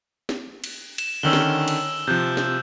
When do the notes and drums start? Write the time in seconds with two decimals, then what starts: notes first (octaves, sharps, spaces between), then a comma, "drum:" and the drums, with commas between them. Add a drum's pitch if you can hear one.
0.29 drum: snare
0.64 drum: cymbal
0.98 E7, drum: cymbal
1.23 D3 D#3 C#4 E6 F#7 G7
1.33 drum: snare
1.68 drum: cymbal
2.07 C3 F3 F#6 G6
2.37 drum: snare